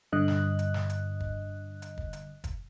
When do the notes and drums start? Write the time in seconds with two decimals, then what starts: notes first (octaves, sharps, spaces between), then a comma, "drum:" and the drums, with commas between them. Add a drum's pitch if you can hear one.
0.12 G2 D3 D#5 F#6
0.28 drum: snare
0.59 drum: hi-hat
0.74 drum: snare
0.90 drum: hi-hat
1.20 drum: kick
1.82 drum: hi-hat
1.98 drum: kick
2.13 drum: hi-hat
2.44 drum: kick, hi-hat